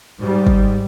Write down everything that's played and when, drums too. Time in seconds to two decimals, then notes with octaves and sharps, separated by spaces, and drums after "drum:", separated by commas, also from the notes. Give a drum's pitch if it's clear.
0.21 G#2 G3
0.47 drum: kick